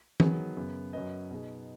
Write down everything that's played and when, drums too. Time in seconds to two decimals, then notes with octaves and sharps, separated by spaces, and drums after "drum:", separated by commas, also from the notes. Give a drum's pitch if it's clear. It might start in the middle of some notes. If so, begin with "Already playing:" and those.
0.20 D#3 F#3 B3 G#4, drum: tom
0.57 F#2 C#3 B3
0.93 F#2 F#3 C#4 B4 D#5
1.31 B2 B3 D#4 G#4